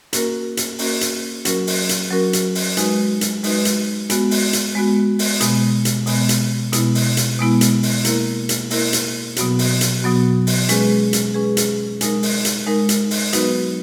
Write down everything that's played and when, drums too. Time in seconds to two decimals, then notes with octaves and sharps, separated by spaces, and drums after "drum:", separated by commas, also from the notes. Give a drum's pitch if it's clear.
0.13 A#3 C#4 F#4 A#4, drum: hi-hat
0.57 drum: hi-hat
0.79 A#3 C#4 F#4 A#4, drum: open hi-hat
1.01 drum: hi-hat
1.45 F#3 C#4 F#4 A#4, drum: hi-hat
1.67 drum: open hi-hat
1.89 drum: hi-hat
2.11 F#3 C#4 F#4 A#4
2.33 drum: hi-hat
2.55 drum: open hi-hat
2.77 G#3 D#4 F#4 B4, drum: hi-hat
3.21 drum: hi-hat
3.44 G#3 D#4 F#4 B4, drum: open hi-hat
3.65 drum: hi-hat
4.10 G#3 B3 F#4, drum: hi-hat
4.31 drum: open hi-hat
4.53 drum: hi-hat
4.75 G#3 B3 F#4
5.19 drum: open hi-hat
5.40 B2 G#3 B3, drum: hi-hat
5.85 drum: hi-hat
6.06 B2 G#3 B3, drum: open hi-hat
6.29 drum: hi-hat
6.73 B2 G#3 B3 E4, drum: hi-hat
6.95 drum: open hi-hat
7.17 drum: hi-hat
7.39 B2 G#3 B3 E4
7.61 drum: hi-hat
7.83 drum: open hi-hat
8.05 A#3 E4 A#4, drum: hi-hat
8.49 drum: hi-hat
8.70 A#3 E4 A#4, drum: open hi-hat
8.93 drum: hi-hat
9.36 B2 F#3 B3 F#4, drum: hi-hat
9.59 drum: open hi-hat
9.81 drum: hi-hat
10.02 B2 F#3 B3 F#4
10.47 drum: open hi-hat
10.69 G#3 C#4 G#4 B4, drum: hi-hat
11.13 drum: hi-hat
11.34 G#3 C#4 G#4 B4
11.57 drum: hi-hat
12.01 G#3 D#4 A#4, drum: hi-hat
12.23 drum: open hi-hat
12.45 drum: hi-hat
12.67 G#3 D#4 A#4
12.89 drum: hi-hat
13.11 drum: open hi-hat
13.33 F#3 B3 D#4 F#4 B4, drum: hi-hat